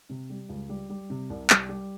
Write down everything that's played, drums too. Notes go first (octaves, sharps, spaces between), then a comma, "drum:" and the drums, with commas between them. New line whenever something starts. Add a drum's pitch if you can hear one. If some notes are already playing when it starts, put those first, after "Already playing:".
C3
G3
C#2
G3
G3
C3
C2
G3, drum: clap
G3